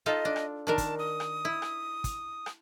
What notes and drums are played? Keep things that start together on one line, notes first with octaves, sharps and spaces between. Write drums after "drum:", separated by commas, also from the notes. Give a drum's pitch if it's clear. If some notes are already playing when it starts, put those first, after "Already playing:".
D#4 F4 A4 D#5
D4
drum: rim click
D#3 D4 A#4 A5
drum: kick, hi-hat
D#6
drum: rim click
E4
drum: rim click
drum: kick, hi-hat
drum: rim click